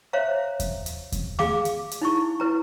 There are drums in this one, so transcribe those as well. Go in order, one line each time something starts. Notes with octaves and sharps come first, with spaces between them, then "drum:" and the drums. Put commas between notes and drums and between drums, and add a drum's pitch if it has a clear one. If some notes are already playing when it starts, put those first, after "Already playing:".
C5 C#5 E5 F5 A#5
drum: kick E2, hi-hat
drum: hi-hat
drum: kick E2, hi-hat
G#4 F5 D6, drum: snare A3
drum: hi-hat
drum: hi-hat
D#4 E4 C#6
E4 B4 A#5